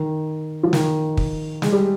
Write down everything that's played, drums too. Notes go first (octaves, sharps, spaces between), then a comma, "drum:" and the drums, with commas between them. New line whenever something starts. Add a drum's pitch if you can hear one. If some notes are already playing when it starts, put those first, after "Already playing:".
Already playing: D#3
F3
D#3, drum: snare
drum: kick
G#3, drum: snare
G3